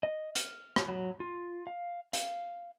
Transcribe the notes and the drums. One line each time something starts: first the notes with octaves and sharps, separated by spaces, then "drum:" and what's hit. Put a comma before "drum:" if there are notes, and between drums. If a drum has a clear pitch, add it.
D#5
F6, drum: hi-hat
drum: rim click
F#3
F4
F5
F5, drum: hi-hat